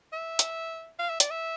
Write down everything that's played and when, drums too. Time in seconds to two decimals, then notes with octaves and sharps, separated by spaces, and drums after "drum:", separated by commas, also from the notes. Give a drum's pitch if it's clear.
0.13 E5
0.39 drum: hi-hat
0.99 F5
1.10 E5
1.20 D5, drum: hi-hat
1.31 E5